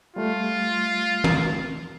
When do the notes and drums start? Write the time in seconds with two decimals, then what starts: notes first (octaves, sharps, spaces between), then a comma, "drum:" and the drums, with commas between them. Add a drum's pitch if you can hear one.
0.16 G3 A3 F4
1.24 drum: tom